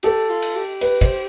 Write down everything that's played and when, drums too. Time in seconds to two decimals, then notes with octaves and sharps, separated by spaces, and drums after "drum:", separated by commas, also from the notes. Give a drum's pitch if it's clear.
0.03 G4 A4, drum: cymbal
0.29 F4
0.42 drum: cymbal
0.56 G4
0.81 B4, drum: cymbal
1.01 C5, drum: kick, cymbal